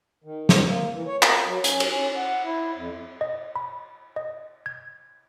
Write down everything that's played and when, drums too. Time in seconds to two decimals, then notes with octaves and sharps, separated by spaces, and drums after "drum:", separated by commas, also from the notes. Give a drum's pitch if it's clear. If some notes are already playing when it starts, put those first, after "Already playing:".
0.24 D#3
0.49 D#3, drum: snare
0.66 A#3
0.93 E3
1.07 C#5
1.22 A#4, drum: clap
1.46 F#3
1.64 C#4, drum: hi-hat
1.80 drum: cymbal
1.89 C#4
2.16 F#5
2.44 E4
2.76 F2
3.21 D#5
3.56 B5
4.16 D#5
4.66 G#6